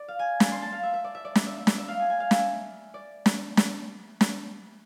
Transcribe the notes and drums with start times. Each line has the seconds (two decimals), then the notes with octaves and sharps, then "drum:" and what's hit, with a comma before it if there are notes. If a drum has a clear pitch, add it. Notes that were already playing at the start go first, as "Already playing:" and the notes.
Already playing: D5
0.08 F5
0.19 G#5
0.40 A5, drum: snare
0.52 C6
0.62 A5
0.72 F5
0.83 E5
0.93 E5
1.04 D5
1.15 E5
1.25 D5
1.36 D5, drum: snare
1.46 E5
1.57 E5
1.67 D5, drum: snare
1.78 E5
1.88 F5
2.00 G#5
2.10 G#5
2.20 F5
2.31 E5, drum: snare
2.94 D5
3.26 drum: snare
3.57 drum: snare
4.21 drum: snare